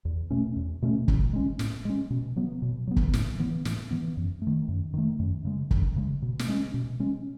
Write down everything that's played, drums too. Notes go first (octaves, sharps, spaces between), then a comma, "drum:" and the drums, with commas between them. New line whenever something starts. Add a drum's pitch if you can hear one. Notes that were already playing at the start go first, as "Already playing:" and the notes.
E2
B2 A3 C#4
E2
B2 A3 C#4
A2, drum: kick
G#3 C#4
A2, drum: snare
G#3 C#4
B2
F#3 B3
B2
F#3 B3
drum: kick
A2, drum: snare
E3 B3
A2, drum: snare
E3 B3
F#2
A3
D#3
F#2
D#3 A3
F#2
C#3 G#3
F#2, drum: kick
C#3 G#3
B2
drum: snare
G#3 C#4
B2
G#3 C#4